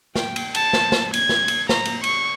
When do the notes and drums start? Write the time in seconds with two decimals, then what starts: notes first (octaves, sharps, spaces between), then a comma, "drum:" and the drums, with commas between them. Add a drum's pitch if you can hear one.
0.16 G5, drum: snare
0.36 drum: cymbal
0.55 A5, drum: cymbal
0.73 drum: snare
0.92 drum: snare
1.14 G#6, drum: cymbal
1.29 drum: snare
1.48 drum: cymbal
1.69 A#5, drum: snare
1.85 drum: cymbal
2.04 C#6, drum: cymbal